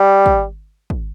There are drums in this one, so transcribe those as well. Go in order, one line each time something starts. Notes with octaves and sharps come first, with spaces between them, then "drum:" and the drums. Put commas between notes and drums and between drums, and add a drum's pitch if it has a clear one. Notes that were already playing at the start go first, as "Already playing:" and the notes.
Already playing: G3
drum: kick
drum: kick